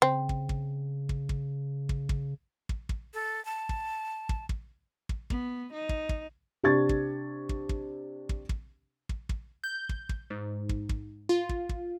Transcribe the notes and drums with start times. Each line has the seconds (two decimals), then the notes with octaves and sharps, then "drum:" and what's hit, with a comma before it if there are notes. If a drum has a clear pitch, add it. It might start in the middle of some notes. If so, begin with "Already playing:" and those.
0.02 C#3 C4
0.29 drum: kick
0.49 drum: kick
1.09 drum: kick
1.29 drum: kick
1.89 drum: kick
2.09 drum: kick
2.69 drum: kick
2.89 drum: kick
3.14 A4
3.45 A5
3.69 drum: kick
4.29 drum: kick
4.49 drum: kick
5.09 drum: kick
5.30 B3, drum: kick
5.73 D#4
5.89 drum: kick
6.09 drum: kick
6.63 C3 D4 G4 C#6 G#6 A6
6.89 drum: kick
7.49 drum: kick
7.69 drum: kick
8.29 drum: kick
8.49 drum: kick
9.09 drum: kick
9.29 drum: kick
9.64 G6
9.89 drum: kick
10.09 drum: kick
10.30 G#2
10.69 drum: kick
10.89 drum: kick
11.29 F4
11.49 drum: kick
11.69 drum: kick